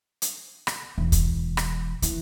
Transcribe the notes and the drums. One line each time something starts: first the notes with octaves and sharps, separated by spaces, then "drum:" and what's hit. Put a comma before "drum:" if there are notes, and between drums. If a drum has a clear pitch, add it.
drum: hi-hat
drum: rim click
E1
drum: kick, hi-hat
drum: rim click
E3, drum: hi-hat